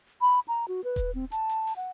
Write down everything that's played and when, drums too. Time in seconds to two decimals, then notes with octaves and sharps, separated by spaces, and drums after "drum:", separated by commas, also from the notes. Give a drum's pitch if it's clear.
0.21 B5
0.48 A#5
0.68 F#4
0.84 B4
0.96 drum: kick D#1, hi-hat
1.15 C4
1.32 A5, drum: hi-hat
1.49 drum: hi-hat
1.67 drum: open hi-hat
1.76 F#5